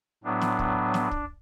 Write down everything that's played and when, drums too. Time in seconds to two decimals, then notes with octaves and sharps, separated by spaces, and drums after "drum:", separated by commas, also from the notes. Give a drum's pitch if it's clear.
0.24 A2 F#3 B3 D4
0.41 drum: snare
0.59 drum: kick
0.94 drum: snare
1.11 drum: kick